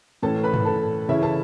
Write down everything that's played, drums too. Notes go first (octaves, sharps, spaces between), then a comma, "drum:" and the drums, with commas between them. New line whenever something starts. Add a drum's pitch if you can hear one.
A2 E3 C#4 A4 A5
B4 B5
drum: tom
A4 A5
C#3 E3 C#4 E4 E5
A4 A5